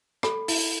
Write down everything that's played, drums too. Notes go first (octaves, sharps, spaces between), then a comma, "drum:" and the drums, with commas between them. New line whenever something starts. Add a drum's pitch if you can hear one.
A4 B5, drum: rim click
E4, drum: open hi-hat